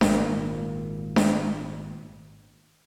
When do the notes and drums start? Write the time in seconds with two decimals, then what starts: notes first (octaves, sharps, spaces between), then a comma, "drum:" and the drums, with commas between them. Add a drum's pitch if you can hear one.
0.01 G#1 A#2 A#3, drum: snare D4
1.16 drum: snare D4